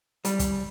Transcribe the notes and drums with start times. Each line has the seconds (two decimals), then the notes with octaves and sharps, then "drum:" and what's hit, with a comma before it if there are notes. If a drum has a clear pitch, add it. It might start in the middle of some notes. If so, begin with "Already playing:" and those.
0.25 G3, drum: hi-hat
0.39 drum: kick, hi-hat